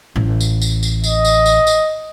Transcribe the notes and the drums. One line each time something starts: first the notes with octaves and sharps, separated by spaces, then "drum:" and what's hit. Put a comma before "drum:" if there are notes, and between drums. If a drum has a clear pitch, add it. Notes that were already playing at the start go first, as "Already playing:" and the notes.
A1
drum: tambourine
drum: tambourine
drum: tambourine
D#5, drum: tambourine
drum: tambourine
drum: tambourine
drum: tambourine